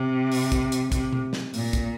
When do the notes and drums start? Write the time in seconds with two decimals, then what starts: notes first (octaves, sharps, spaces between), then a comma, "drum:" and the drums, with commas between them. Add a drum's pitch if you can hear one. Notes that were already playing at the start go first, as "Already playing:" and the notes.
Already playing: C3
0.32 drum: open hi-hat
0.52 drum: kick, hi-hat
0.72 drum: hi-hat
0.92 C3, drum: kick, hi-hat
1.13 drum: tom B2
1.33 drum: snare
1.54 A#2, drum: open hi-hat
1.73 drum: kick, hi-hat